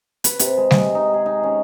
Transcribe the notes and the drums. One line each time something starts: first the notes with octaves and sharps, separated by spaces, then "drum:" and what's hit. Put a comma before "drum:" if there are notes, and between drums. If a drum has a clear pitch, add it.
B4, drum: hi-hat
C3, drum: hi-hat
G#3
D#5, drum: snare G3
D#4
G#4
D#4
C#4